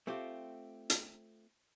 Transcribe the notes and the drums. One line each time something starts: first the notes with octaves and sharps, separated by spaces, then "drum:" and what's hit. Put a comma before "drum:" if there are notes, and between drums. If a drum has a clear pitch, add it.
A3 C4 F4 G4
drum: hi-hat